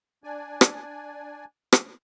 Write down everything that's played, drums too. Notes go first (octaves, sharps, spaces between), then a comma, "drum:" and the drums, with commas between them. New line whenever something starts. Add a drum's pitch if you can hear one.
D4 D5 G#5
drum: rim click
drum: rim click